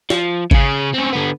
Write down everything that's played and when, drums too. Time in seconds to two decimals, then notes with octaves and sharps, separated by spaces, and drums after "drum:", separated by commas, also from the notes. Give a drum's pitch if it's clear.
0.10 F3, drum: snare
0.51 C#3 G#4, drum: kick G#1
0.94 C4 C#4
1.13 D3 B3